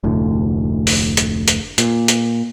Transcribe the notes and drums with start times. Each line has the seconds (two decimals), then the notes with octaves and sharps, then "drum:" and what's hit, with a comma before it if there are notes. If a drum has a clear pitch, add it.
0.04 F1 D2 A2
0.87 drum: open hi-hat
1.17 drum: hi-hat
1.48 drum: hi-hat
1.78 A#2, drum: hi-hat
2.08 drum: hi-hat